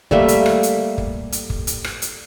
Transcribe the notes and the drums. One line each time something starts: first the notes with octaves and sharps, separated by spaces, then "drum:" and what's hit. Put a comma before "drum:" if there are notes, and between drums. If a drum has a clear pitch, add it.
G3 A3 A#3 E5, drum: kick
drum: hi-hat
drum: rim click
drum: hi-hat
drum: kick
drum: hi-hat
drum: kick
drum: hi-hat
drum: rim click
drum: hi-hat